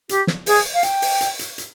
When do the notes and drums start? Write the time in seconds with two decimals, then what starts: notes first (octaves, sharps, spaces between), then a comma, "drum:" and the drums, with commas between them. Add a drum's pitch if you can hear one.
0.09 G4, drum: hi-hat
0.27 drum: snare
0.46 G#4, drum: open hi-hat
0.74 F5
0.83 G5, drum: hi-hat
1.02 drum: open hi-hat
1.21 drum: hi-hat
1.39 drum: hi-hat
1.58 drum: hi-hat